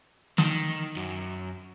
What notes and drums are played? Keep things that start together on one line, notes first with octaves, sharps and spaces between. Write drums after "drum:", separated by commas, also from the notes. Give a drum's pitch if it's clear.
D#3, drum: snare
F#2